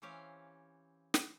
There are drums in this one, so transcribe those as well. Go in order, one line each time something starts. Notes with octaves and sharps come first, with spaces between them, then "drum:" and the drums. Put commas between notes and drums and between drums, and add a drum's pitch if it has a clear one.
E3 C4 C#4 G4 F5
drum: snare